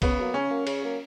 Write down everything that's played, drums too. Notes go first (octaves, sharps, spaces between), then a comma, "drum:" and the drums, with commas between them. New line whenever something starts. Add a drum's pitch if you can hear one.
C#3 B3, drum: kick B1, cymbal
F#3 A#3
C#3 C#4
F#3 A#3
C#3, drum: cymbal
F#3 A#3